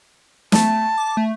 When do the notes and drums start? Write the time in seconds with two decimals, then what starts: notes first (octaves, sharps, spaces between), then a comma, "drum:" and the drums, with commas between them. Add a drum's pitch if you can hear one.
0.52 A3 A5, drum: snare
0.97 D6
1.17 A3